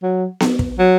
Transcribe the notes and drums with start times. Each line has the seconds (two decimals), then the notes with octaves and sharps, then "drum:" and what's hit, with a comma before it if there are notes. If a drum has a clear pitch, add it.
0.02 F#3
0.40 drum: snare B3
0.59 drum: kick
0.78 F#3